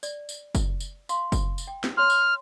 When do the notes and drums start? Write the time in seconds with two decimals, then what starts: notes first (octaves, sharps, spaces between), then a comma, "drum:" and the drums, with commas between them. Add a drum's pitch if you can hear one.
0.03 D5, drum: tambourine
0.29 drum: tambourine
0.55 drum: kick, tambourine
0.80 drum: tambourine
1.09 F5 C6, drum: tambourine
1.32 drum: kick, tambourine
1.58 drum: tambourine
1.67 G5
1.84 drum: snare
1.97 C#5 C6 F6
2.10 drum: tambourine